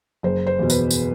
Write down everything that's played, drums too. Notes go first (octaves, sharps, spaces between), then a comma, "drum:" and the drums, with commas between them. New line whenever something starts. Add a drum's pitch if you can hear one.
F#1 C5
C5
E2 B2
B4, drum: tambourine
drum: tambourine